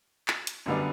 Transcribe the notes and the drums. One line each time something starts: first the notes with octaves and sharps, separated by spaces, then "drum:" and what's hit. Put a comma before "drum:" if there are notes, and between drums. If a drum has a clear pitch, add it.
drum: clap
drum: hi-hat
F#2 D3 G3 B3 D4